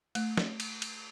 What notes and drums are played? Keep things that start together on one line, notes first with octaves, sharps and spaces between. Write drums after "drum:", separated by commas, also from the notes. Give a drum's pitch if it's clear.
A3, drum: cymbal
drum: snare
drum: cymbal
drum: cymbal